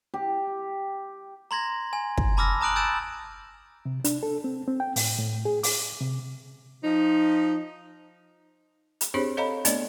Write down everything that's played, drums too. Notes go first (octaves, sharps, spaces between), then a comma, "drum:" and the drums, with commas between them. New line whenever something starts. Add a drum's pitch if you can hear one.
G4
A#5 C6 G#6 A#6
G#5
drum: kick
A5 B5 D6 E6 F6 A#6
A5 A#5 D#6 F#6 D7 F#7
G#5 E6 G6 A6 D7 E7
C3
D4, drum: hi-hat
A4
C4
C4
G5
A2, drum: open hi-hat
A2
G#4
D6, drum: open hi-hat
C3
F3 D#4
drum: hi-hat
C4 D4 G4 G#4 C5 C#5
A4 C#5 D#5 F5 A#5 B5
A3 B3 D4 D5 D#5, drum: hi-hat